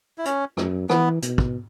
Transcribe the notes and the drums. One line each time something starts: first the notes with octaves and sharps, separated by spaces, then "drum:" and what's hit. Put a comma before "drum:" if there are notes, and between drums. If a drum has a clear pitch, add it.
E4
C#4, drum: hi-hat
F#2, drum: rim click
E3 B3, drum: rim click
B2, drum: hi-hat
drum: kick